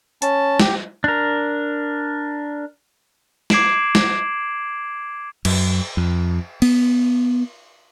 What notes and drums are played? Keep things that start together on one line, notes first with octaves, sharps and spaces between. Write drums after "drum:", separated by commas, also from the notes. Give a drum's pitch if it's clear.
C#4 A5, drum: hi-hat
G4, drum: snare
D4 A#4
D6 G#6 C7 D7 E7 F#7, drum: snare
drum: snare
F#2, drum: cymbal
F2
B3, drum: cymbal